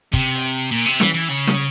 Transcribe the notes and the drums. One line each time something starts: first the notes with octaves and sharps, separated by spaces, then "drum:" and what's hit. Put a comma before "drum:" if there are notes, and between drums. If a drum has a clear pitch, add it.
C3, drum: kick
drum: open hi-hat
A#2
C3
E3, drum: snare
E3
C#3
drum: snare